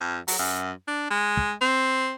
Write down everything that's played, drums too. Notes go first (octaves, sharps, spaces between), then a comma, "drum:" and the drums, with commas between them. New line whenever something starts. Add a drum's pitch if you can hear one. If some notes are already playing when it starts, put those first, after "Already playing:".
F2
F#3, drum: open hi-hat
F#2
D4
G#3
drum: kick
C4